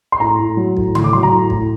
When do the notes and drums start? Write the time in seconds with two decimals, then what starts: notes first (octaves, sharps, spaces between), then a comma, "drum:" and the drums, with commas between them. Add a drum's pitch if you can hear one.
0.12 C6
0.20 A2 A#5
0.39 A2
0.57 F#3
0.77 A2, drum: kick
0.95 A2 C6, drum: tom C#3
1.04 D6
1.13 F#3 C6
1.23 A#5
1.32 A2
1.50 A2, drum: kick